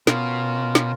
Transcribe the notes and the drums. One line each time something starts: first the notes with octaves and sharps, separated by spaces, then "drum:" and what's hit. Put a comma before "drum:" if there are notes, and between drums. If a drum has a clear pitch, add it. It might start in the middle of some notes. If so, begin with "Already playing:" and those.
B2 C#4 F4 A#4, drum: snare
drum: snare